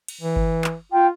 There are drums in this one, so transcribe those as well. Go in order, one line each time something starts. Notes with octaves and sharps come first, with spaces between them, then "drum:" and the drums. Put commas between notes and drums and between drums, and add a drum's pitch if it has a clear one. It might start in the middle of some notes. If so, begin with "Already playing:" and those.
drum: cymbal
E3
drum: kick G1
drum: clap
F4 G5